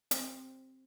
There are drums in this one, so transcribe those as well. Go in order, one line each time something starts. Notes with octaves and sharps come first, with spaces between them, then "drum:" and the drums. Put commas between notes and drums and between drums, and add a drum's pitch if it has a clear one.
C4, drum: hi-hat